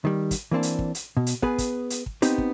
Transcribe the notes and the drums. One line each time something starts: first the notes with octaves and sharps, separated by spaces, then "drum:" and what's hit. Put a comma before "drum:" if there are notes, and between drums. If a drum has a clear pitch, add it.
D#3 G3
drum: kick, hi-hat
E3 A#3 C4 D4
drum: hi-hat
drum: kick
drum: hi-hat
B2
drum: hi-hat
B3 G#4 B4, drum: kick
drum: kick, hi-hat
drum: hi-hat
drum: kick
B3 C4 D#4 G4, drum: hi-hat
drum: kick